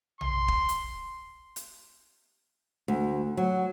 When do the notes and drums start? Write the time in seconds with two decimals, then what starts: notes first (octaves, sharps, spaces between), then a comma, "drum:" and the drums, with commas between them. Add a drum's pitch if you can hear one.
0.21 C6, drum: tom A#1
0.48 drum: kick
0.69 drum: hi-hat
1.56 drum: hi-hat
2.88 D2
3.37 F#3